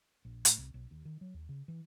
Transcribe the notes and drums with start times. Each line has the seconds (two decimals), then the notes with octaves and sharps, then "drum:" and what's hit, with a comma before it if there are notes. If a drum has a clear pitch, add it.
0.25 A#1
0.45 A2, drum: hi-hat
0.58 C2
0.74 B1
0.91 D#2
1.05 D#3
1.21 F#3
1.34 D#2
1.49 C#3
1.68 E3